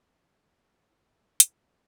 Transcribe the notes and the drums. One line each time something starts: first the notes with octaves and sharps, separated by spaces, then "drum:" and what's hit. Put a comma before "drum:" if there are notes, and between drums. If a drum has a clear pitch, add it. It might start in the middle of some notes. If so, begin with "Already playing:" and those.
G#3 A3 G4 A4
B4 E5
E2, drum: hi-hat